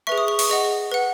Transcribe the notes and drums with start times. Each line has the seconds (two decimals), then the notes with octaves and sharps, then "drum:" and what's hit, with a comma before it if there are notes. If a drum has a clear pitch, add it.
0.07 G#4 B4 E5 C#6
0.18 D#6
0.28 C#6
0.39 C#6, drum: open hi-hat
0.49 G#4 D#5 F#5
0.92 B4 F#5